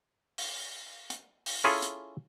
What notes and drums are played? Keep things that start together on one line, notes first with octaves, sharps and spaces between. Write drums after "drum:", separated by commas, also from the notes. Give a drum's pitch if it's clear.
drum: open hi-hat
drum: hi-hat
drum: open hi-hat
C#4 E4 F4 G#4 A4
drum: hi-hat